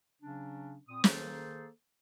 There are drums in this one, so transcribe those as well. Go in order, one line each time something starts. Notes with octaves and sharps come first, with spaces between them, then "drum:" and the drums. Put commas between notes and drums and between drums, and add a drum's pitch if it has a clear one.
C#3 F#3 C#4 D4
A#2 C4 D#6
D#3 A#3 G#4 A4 C5, drum: snare